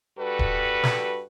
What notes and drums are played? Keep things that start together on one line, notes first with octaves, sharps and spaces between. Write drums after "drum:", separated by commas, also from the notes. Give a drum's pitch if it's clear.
G2 G3 F#4 A4 B4
drum: kick D1
drum: snare